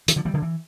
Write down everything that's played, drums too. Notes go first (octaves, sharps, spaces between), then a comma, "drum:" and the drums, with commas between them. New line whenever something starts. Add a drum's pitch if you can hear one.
E3, drum: hi-hat
D3 F3
E3 G3
D3 F3
E3